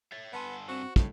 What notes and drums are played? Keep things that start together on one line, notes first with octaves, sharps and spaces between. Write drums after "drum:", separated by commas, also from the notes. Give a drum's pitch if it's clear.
C#5 E5 A6
G2 B3 A4 F#5 G#5 A5 C6
C4 F#4 C5 E7
A2 G#3, drum: kick